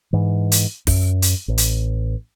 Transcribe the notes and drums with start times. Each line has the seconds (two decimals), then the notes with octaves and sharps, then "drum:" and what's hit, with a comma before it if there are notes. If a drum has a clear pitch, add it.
0.13 G#2 E3
0.52 drum: hi-hat
0.87 F#2, drum: kick, open hi-hat
1.22 drum: hi-hat
1.48 A1
1.58 drum: hi-hat